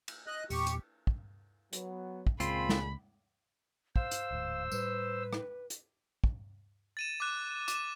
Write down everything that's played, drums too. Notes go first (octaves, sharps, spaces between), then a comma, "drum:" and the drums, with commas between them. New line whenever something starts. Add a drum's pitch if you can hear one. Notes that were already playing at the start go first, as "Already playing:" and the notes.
drum: cymbal
D#5 F#6
E2 A#2 G4 C#6, drum: open hi-hat
drum: hi-hat
drum: kick
F#3 B3, drum: hi-hat
drum: kick
C#2 A#2 C4 F4 G#4 B5, drum: hi-hat
drum: snare
C5 F5 E6, drum: kick
drum: hi-hat
D1 D2 G#2
A2 G3 B4, drum: tambourine
drum: rim click
drum: hi-hat
drum: kick
A6 D#7 E7
D6 F#6
D6 E7, drum: hi-hat